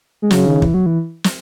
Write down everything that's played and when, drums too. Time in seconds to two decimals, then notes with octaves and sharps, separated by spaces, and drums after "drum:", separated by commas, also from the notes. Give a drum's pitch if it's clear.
0.22 G#3
0.31 C#3 F#3, drum: snare
0.47 D#3
0.62 E3, drum: kick
0.74 F#3
0.86 E3
1.24 drum: snare